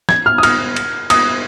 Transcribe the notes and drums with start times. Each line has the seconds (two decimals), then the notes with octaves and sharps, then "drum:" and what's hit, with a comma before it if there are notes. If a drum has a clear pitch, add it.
0.09 G#6, drum: snare
0.26 F6
0.38 D#6
0.43 F6, drum: cymbal
0.76 drum: cymbal
1.10 D#6, drum: cymbal